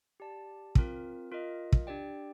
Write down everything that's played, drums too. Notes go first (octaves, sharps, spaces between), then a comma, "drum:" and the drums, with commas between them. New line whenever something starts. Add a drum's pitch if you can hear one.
G4 D5 A5
C4 F4 A#4, drum: kick
F4 A#4 D#5
drum: kick
D4 G4 D5 G5